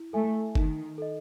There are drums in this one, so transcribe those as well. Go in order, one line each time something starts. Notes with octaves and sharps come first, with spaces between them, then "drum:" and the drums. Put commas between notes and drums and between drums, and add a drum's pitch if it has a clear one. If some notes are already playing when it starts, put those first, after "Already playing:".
Already playing: E4
A3 A4 E5 G#5
D#3 D#4, drum: kick F#1
A4 D#5